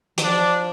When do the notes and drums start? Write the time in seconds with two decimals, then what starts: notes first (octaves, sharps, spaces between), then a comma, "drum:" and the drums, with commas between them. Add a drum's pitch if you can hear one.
0.18 E3, drum: hi-hat
0.23 F3 D4